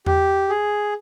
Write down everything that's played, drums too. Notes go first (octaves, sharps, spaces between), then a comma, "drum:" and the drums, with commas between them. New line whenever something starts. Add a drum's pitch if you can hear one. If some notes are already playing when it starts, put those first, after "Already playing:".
G4, drum: tom E2
G#4